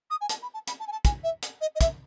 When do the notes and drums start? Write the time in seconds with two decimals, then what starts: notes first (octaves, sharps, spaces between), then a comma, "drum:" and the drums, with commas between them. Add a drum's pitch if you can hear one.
0.10 D#6
0.21 G#5
0.29 A5, drum: hi-hat
0.42 B5
0.54 A5
0.67 B5, drum: hi-hat
0.80 A5
0.87 G#5
0.92 A5
1.05 G#5, drum: kick, hi-hat
1.23 E5
1.42 drum: hi-hat
1.61 D#5
1.75 D#5
1.81 E5, drum: kick, hi-hat